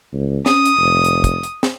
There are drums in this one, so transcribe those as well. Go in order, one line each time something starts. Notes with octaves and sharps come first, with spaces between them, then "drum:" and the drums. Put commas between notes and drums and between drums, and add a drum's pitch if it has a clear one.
C#2
C#4 D#6, drum: snare
drum: hi-hat
F1
drum: hi-hat
drum: kick, hi-hat
drum: hi-hat
drum: snare